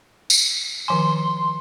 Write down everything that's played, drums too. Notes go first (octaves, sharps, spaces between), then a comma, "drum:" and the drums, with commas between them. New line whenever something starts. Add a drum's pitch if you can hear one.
drum: tambourine
D#3 F3 G#5 C6